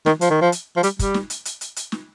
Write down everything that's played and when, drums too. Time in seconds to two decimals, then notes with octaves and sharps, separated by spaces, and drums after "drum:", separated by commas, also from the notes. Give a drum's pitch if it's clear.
0.06 D#3, drum: snare
0.21 F3, drum: hi-hat
0.30 D#3
0.41 F3
0.52 drum: hi-hat
0.77 F3
0.83 G3, drum: hi-hat
0.99 G3, drum: kick, hi-hat
1.14 drum: snare
1.30 drum: hi-hat
1.45 drum: hi-hat
1.61 drum: hi-hat
1.76 drum: hi-hat
1.92 drum: snare